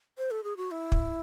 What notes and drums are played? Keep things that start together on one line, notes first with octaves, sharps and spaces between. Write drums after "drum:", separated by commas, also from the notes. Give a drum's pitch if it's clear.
C5
A4
G#4
F#4
E4
drum: kick